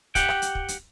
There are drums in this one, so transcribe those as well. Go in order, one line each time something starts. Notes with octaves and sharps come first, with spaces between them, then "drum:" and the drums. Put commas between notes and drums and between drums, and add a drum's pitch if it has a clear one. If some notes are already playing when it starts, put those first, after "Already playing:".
G4 F#5 G5, drum: kick, hi-hat
drum: rim click
drum: hi-hat
drum: kick
drum: hi-hat